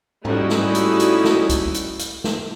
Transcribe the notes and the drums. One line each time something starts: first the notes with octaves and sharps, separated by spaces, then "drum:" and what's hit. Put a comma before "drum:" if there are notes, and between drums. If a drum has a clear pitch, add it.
G3 A3 C#4 D#4 E4 F#4, drum: tom G#2
drum: snare
drum: hi-hat
drum: hi-hat
drum: snare
drum: kick, hi-hat
drum: hi-hat
drum: hi-hat
drum: snare